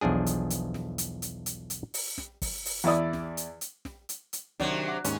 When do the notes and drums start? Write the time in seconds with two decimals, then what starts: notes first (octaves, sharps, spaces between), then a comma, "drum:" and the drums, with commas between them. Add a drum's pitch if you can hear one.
0.01 B1 E2 F3 D4 G#4
0.26 drum: hi-hat
0.50 drum: hi-hat
0.74 drum: snare
0.98 drum: hi-hat
1.22 drum: hi-hat
1.46 drum: hi-hat
1.70 drum: hi-hat
1.94 drum: open hi-hat
2.18 drum: snare
2.42 drum: kick, open hi-hat
2.65 drum: open hi-hat
2.84 E2 E4 D5 D#6
3.13 drum: snare
3.37 drum: hi-hat
3.61 drum: hi-hat
3.85 drum: snare
4.09 drum: hi-hat
4.33 drum: hi-hat
4.60 C3 D#3 F#3 D4, drum: snare
4.88 F#5 D6
5.04 D#2 G#2 C#4, drum: hi-hat